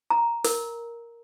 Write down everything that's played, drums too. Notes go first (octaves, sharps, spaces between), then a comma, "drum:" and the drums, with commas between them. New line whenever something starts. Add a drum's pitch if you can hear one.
A#5
A#4, drum: open hi-hat